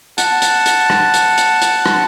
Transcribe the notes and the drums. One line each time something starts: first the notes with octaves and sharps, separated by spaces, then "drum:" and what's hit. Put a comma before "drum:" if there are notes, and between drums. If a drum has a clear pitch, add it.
F#5 A5, drum: hi-hat
drum: hi-hat
drum: hi-hat
drum: rim click
drum: hi-hat
drum: hi-hat
drum: hi-hat
drum: rim click